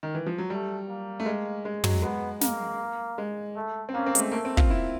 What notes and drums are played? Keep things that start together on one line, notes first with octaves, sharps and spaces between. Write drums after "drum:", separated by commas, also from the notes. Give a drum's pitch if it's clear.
D#3
E3
F3
F#3
G3 A3
A#3
A3
G#3
G#3
F#3, drum: tom
G#3 B3
A#3, drum: snare
G#3
A3
C4
A#3 C#4
C4
G#3, drum: hi-hat
A3
A3 A#3
C4
F4, drum: kick
E4